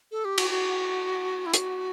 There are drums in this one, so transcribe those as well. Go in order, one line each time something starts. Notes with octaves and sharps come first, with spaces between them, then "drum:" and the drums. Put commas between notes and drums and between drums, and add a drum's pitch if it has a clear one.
A4
G4
F#4, drum: cymbal
F#4
E4
F#4, drum: hi-hat